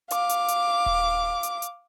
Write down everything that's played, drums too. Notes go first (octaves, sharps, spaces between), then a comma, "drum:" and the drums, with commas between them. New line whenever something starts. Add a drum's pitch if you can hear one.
F5 D6, drum: hi-hat
drum: hi-hat
drum: hi-hat
drum: kick D#1
drum: hi-hat
drum: hi-hat